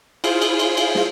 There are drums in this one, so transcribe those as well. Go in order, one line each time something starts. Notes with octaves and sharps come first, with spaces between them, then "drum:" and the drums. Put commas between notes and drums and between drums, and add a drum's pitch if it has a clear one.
E4 F4 G#4 C5 F5, drum: cymbal
drum: cymbal
drum: cymbal
drum: cymbal
drum: snare